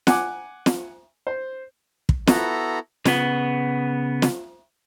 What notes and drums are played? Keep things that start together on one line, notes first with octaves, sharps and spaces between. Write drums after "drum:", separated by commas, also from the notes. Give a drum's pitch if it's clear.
F#5 G#5 D6, drum: snare
drum: snare
C5
drum: kick
B3 E4 F#4 A4 A#5, drum: snare
C#3 B3, drum: snare
drum: snare